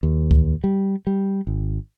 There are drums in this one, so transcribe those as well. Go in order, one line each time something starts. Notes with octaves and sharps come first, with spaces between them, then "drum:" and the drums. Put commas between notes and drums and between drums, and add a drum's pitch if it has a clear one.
D#2
drum: kick C#2
G3
G3
G#1